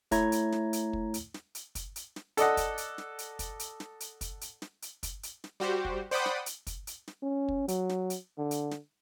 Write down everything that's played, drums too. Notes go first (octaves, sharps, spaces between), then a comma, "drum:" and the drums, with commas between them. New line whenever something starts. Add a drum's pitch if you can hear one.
A3 E4 C#5 A#5 G#6, drum: kick, hi-hat
drum: hi-hat
drum: snare
drum: hi-hat
drum: kick
drum: hi-hat
drum: snare
drum: hi-hat
drum: kick, hi-hat
drum: hi-hat
drum: snare
A4 D5 D#5 F#5, drum: hi-hat
drum: kick, hi-hat
drum: hi-hat
drum: snare
drum: hi-hat
drum: kick, hi-hat
drum: hi-hat
drum: snare
drum: hi-hat
drum: kick, hi-hat
drum: hi-hat
drum: snare
drum: hi-hat
drum: kick, hi-hat
drum: hi-hat
drum: snare
G3 F#4 G4 C5
drum: kick
C5 D5 F#5 G5 B5 D#6
drum: snare
drum: hi-hat
drum: kick, hi-hat
drum: hi-hat
drum: snare
C#4
drum: kick
F#3, drum: hi-hat
drum: snare
drum: hi-hat
D3
drum: hi-hat
drum: snare